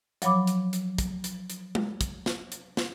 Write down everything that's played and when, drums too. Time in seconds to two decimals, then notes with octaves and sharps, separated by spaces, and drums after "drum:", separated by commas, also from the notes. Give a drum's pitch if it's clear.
0.22 F3 F#3 C#5 B5 D6, drum: hi-hat
0.47 drum: hi-hat
0.73 drum: hi-hat
0.98 drum: kick, hi-hat
1.24 drum: hi-hat
1.50 drum: hi-hat
1.75 drum: tom G#3
2.01 drum: kick, hi-hat
2.26 drum: snare
2.52 drum: hi-hat
2.77 drum: snare